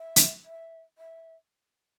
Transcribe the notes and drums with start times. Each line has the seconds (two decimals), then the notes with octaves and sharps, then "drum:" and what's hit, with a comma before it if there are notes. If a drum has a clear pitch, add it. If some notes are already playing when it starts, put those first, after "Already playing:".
Already playing: E5
0.16 drum: hi-hat
0.45 E5
0.98 E5